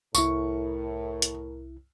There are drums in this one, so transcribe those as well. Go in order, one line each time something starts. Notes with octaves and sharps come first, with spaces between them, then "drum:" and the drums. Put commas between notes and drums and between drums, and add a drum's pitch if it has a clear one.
C2 A2 E4 A#4 C#6, drum: tambourine
drum: hi-hat